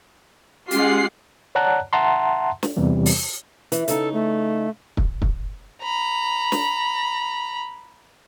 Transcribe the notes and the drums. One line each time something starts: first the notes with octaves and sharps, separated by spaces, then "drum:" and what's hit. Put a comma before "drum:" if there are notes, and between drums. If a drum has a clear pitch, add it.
G#3 C#4 F4 G4 F#5 C7, drum: hi-hat
C#5 D5 F#5 A5 A#5 F#6
E5 F#5 A5 A#5 C6
drum: snare
E2 C3 E3 G3
drum: open hi-hat
E3, drum: hi-hat
C#3 D#4 A4, drum: hi-hat
A3
drum: kick
drum: kick
A#5 B5
drum: snare